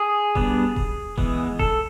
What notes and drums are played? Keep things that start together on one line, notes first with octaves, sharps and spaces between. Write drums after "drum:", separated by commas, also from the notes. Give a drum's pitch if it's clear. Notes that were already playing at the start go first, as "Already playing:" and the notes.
Already playing: G#4
G3 B3 D4, drum: kick D#1
drum: kick D#1
E3 G#3 B3, drum: kick D#1
A4, drum: kick D#1